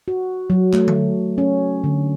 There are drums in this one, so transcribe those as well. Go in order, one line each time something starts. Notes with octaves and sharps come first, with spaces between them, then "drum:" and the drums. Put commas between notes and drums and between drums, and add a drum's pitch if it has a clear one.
F#4
F#3
A3, drum: clap
drum: tom D3
C#4
D3